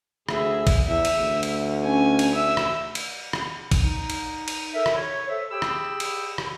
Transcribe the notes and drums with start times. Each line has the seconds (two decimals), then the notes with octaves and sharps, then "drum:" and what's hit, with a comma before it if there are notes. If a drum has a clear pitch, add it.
0.29 D2 G#4 E5, drum: rim click
0.67 drum: kick, cymbal
0.88 E2 E5
1.05 drum: cymbal
1.19 D2
1.43 drum: cymbal
1.84 C#4 G#5
2.19 drum: cymbal
2.34 E5 E6
2.57 drum: rim click
2.95 drum: cymbal
3.33 drum: rim click
3.71 drum: kick, cymbal
3.84 D#4
4.10 drum: cymbal
4.48 drum: cymbal
4.73 A4 A#4 E5
4.86 drum: rim click
4.96 C#5
5.29 A4 C5 E5
5.51 G4 G#4 G5 B5 E6
5.62 drum: rim click
6.00 drum: cymbal
6.38 drum: rim click